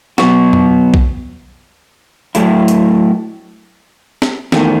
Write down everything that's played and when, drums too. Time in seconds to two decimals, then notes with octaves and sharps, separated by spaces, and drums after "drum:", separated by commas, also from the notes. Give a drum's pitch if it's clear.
0.18 B2 F#3 B3 F#4, drum: snare
0.53 drum: tom F2
0.94 drum: kick B1
2.35 A2 F#3 A3 E4, drum: hi-hat
2.68 drum: hi-hat
4.22 drum: snare
4.52 E2 D#3 A3, drum: snare